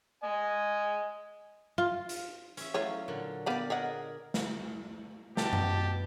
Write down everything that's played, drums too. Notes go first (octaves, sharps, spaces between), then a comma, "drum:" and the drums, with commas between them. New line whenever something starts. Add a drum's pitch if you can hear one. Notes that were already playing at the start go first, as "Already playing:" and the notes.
D#5 G#5
F4
drum: hi-hat
C#4 E5, drum: hi-hat
E3 F#3 A3 C#4 F4 C#5
A#2 D3 F#3
B3 G4 D5 F5 B5
G#4 A#4 C#5 D#5 F#5
drum: snare
B2 G4 A5, drum: snare
drum: tom F#2